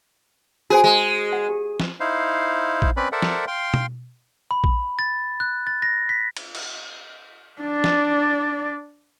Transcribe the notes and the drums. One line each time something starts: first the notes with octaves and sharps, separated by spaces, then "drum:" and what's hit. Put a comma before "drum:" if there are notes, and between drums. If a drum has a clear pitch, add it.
F#4 G#4 C5 G#5
G#3
F#5
G4
drum: snare
D#4 E4 C5 F5
drum: kick A#1
C4 C#4 B4 D5 B5
A4 A#4 C5 D5 E5 F#5
drum: snare
F5 G5 C6
drum: tom
B5
drum: kick A#1
A6
F#6
A6
A#6
B6
drum: cymbal
drum: cymbal
D4 D5
drum: snare